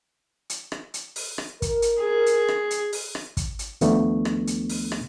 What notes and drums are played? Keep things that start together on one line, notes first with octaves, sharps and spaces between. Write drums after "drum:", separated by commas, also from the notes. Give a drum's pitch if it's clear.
drum: hi-hat
drum: rim click
drum: hi-hat
drum: open hi-hat
drum: rim click
A#4, drum: kick, hi-hat
drum: hi-hat
G#4
drum: hi-hat
drum: rim click
drum: hi-hat
drum: open hi-hat
drum: rim click
drum: kick, hi-hat
drum: hi-hat
D#2 F3 A3 B3 D4, drum: hi-hat
drum: rim click
drum: hi-hat
drum: open hi-hat
drum: rim click